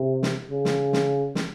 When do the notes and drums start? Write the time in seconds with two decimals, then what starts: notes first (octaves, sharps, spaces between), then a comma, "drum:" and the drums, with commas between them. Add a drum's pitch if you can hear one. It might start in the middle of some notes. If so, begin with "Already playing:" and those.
Already playing: C3
0.23 drum: snare
0.51 C#3
0.65 drum: snare
0.93 drum: snare
1.35 drum: snare